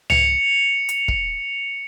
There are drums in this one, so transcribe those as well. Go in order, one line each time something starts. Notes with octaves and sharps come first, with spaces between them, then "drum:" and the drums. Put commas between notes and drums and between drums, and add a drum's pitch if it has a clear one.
C#7 F7, drum: tom C2
drum: hi-hat
drum: kick